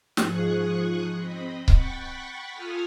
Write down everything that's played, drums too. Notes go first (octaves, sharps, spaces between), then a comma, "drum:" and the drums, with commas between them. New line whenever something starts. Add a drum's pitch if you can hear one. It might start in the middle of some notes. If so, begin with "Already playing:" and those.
G#2 F3 G#4 C#6 D#6 F#6, drum: snare
C4 D#5 B5
F#5 G5 B5 C#6 A6 B6, drum: kick C#1
F4 A4 G#5 D#6 F6